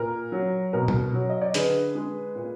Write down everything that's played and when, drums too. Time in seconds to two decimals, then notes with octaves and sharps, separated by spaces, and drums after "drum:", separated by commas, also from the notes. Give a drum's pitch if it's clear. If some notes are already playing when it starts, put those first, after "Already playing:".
Already playing: A#2 A#4
0.32 F#3
0.73 B2 A#4
0.88 drum: tom A#2
1.14 F#3
1.29 D#5
1.41 D5
1.54 D3 G#4 B4, drum: hi-hat
1.95 G#3
2.36 A#2